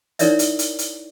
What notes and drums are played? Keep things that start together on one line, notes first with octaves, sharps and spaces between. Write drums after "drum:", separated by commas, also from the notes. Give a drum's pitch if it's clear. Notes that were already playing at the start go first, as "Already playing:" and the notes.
D#4 E4 A#4 C#5 D5 E5, drum: hi-hat
drum: hi-hat
drum: hi-hat
drum: hi-hat